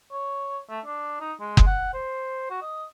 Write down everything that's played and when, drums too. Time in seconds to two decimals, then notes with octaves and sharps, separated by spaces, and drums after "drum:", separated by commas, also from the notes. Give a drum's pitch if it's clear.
0.12 C#5
0.70 A3
0.85 D4
1.20 D#4
1.40 G#3
1.57 drum: kick F#1
1.66 F#5
1.94 C5
2.50 F#4
2.62 D#5